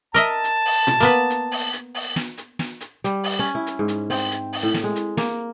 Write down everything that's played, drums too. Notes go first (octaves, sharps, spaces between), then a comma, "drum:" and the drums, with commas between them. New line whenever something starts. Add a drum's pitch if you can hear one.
A#4 D#5 E5 A5
drum: hi-hat
drum: open hi-hat
drum: tom A#2
A#3 B3 B4
drum: hi-hat
drum: open hi-hat
drum: hi-hat
drum: open hi-hat
drum: snare
drum: hi-hat
drum: snare
drum: hi-hat
G3, drum: hi-hat
drum: open hi-hat
C#4
E4
drum: hi-hat
G#2
drum: hi-hat
C4, drum: open hi-hat
drum: hi-hat
drum: open hi-hat
A2
drum: snare
G#3
drum: hi-hat
A#3, drum: snare